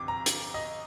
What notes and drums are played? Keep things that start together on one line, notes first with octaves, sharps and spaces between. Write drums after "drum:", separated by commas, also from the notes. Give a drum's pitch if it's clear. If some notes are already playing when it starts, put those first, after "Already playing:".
Already playing: G1 F2 C3 D6
A#5
drum: hi-hat
D#5